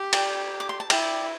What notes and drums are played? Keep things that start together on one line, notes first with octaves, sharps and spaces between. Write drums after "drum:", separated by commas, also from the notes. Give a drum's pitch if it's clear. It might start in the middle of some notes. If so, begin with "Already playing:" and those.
Already playing: G4
D5 G5, drum: cymbal
D6
C6
A5
E4 D5 G5, drum: cymbal